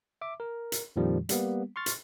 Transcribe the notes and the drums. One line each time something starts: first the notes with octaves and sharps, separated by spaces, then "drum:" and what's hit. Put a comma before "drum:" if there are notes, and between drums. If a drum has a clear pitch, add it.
E5 D6
A#4
drum: hi-hat
F2 A#2 D#3 F3 G3
G3 A#3 B3, drum: hi-hat
C6 C#6 F6 A6
drum: hi-hat